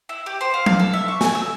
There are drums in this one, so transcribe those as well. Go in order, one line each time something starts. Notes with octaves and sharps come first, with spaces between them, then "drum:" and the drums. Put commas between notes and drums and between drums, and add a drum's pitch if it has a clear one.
E4
G4
C5
F5
F5, drum: tom F#3
A4
E5
C#6
G#5, drum: snare
E6